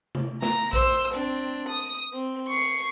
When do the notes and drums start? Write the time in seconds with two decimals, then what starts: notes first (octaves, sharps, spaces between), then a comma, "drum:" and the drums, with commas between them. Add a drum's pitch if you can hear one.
0.15 drum: tom C3
0.42 A#5, drum: snare
0.73 C5 E6, drum: kick A#1
1.14 C4 D4
1.69 D#6
2.13 C4
2.47 C#6 C7